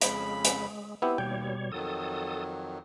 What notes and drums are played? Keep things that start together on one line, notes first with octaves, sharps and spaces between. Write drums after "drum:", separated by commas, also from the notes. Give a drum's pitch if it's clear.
F2 C#3 G#3 B5, drum: hi-hat
drum: hi-hat
B3 C4 E4 G4
D#2 B2 G3 C#5 G5
F2 D#3 F#3 A4 D#6